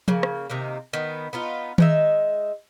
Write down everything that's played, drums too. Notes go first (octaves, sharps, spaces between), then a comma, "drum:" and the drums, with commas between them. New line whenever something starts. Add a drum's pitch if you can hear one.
C#3 A#3, drum: tom F3
drum: rim click
C3 D#3 A#3
D#3 B3
B3 D#4 F4
G#3 D#4 E5, drum: tom D#3